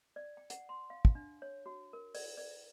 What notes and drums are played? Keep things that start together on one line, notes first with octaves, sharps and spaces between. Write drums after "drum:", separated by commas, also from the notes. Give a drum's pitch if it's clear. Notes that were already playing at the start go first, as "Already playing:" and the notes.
D5
G5
F#5, drum: hi-hat
C6
F5
drum: kick
D4
C#5
F#4
A#4
D5, drum: open hi-hat
D5